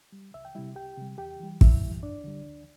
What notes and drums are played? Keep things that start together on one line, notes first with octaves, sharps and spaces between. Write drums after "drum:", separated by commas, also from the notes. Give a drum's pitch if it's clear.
G3
C2 E5
G5
C3 G3 E4 E5
C2 G4 G5
C3 G3
E2 G4 G5
E3 G3
E2 E4 E5, drum: kick
E3 G3
D2 D4 D5
D3 G3
D2